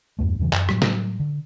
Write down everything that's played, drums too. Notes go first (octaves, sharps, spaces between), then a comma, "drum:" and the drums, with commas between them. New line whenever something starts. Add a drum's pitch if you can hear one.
E2 G2 A3
E2 G2 C#3 E3
F#2, drum: clap
A2 F#3 G3, drum: rim click
drum: snare
D3